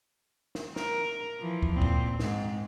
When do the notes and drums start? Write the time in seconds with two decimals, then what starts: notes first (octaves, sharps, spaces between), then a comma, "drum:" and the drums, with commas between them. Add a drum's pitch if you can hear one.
0.55 drum: snare
0.76 A#4, drum: snare
1.40 E3 F3
1.62 drum: kick
1.73 A#2 C4
1.82 drum: kick
2.19 G#2, drum: snare